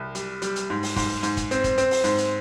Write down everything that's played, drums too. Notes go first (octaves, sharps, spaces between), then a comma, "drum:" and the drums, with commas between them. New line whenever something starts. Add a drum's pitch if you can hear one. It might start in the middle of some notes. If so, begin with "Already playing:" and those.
Already playing: C2
G3, drum: hi-hat
G3, drum: hi-hat
drum: hi-hat
G#2
drum: open hi-hat
G#2, drum: kick, open hi-hat
G#2, drum: hi-hat
drum: kick, hi-hat
C4, drum: hi-hat
drum: kick, hi-hat
C4, drum: hi-hat
drum: open hi-hat
G#2, drum: hi-hat
drum: hi-hat